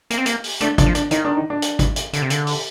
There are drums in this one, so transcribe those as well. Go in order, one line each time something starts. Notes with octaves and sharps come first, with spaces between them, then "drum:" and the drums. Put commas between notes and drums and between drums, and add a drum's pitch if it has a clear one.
A#3, drum: hi-hat
C4
A#3, drum: hi-hat
drum: open hi-hat
A3 D4, drum: hi-hat
D4, drum: kick, hi-hat
F3
D4, drum: hi-hat
D#3 D#4, drum: hi-hat
D4
D#4
D4
drum: hi-hat
drum: kick, hi-hat
drum: hi-hat
D3, drum: hi-hat
C3
D3, drum: hi-hat
drum: open hi-hat